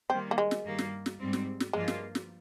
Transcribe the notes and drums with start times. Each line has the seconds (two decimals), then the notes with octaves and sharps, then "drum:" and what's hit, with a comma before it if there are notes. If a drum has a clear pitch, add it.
0.10 D#3 G3 A#3 C4
0.31 A#3
0.38 G#3
0.51 drum: snare
0.65 G2 D#3 G3 A#3
0.78 drum: snare
1.06 drum: snare
1.19 G#2 G3 C4
1.33 drum: snare
1.60 drum: snare
1.73 G2 F3 G#3 A#3 F4
1.88 drum: snare
2.15 drum: snare